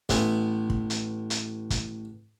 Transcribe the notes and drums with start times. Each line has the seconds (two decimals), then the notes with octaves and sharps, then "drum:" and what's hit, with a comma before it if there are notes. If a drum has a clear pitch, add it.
0.09 A1 B3 E4 G#5, drum: kick, hi-hat
0.70 drum: kick
0.90 drum: hi-hat
1.30 drum: hi-hat
1.70 drum: kick, hi-hat